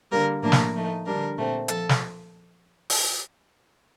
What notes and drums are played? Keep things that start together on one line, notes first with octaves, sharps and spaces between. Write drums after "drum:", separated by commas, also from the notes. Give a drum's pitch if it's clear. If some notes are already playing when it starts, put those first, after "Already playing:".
D3 G3 A#3 A#4
A2 F3 A#3 D4 A#4
drum: snare
F3 A3 D#4
D3 G3 D4 A#4
A#2 A3 C4
F3 A4, drum: hi-hat
drum: snare
drum: open hi-hat